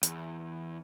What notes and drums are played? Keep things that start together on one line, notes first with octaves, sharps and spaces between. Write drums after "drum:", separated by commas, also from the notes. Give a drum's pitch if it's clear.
E2, drum: hi-hat